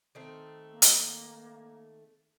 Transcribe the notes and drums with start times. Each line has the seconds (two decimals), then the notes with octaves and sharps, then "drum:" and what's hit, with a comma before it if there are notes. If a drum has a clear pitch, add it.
0.15 D#3 A3 C4
0.72 A#3
0.82 drum: hi-hat